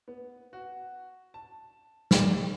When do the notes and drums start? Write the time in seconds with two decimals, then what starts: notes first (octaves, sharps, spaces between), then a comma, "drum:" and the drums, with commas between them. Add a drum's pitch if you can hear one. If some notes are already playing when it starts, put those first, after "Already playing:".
0.08 B3
0.53 F#4
1.34 A5
2.11 G#4, drum: snare